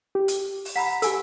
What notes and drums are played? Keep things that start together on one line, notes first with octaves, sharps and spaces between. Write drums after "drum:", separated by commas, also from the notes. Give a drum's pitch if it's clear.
G4
drum: hi-hat
drum: open hi-hat
F#5 A#5 B5 B6
G4 A4 G#5 E6, drum: hi-hat